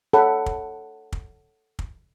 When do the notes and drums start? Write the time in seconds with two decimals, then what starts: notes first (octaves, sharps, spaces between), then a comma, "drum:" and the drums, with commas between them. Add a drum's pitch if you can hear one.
0.13 A4 C#5 F#5 B5
0.46 drum: kick
1.12 drum: kick
1.79 drum: kick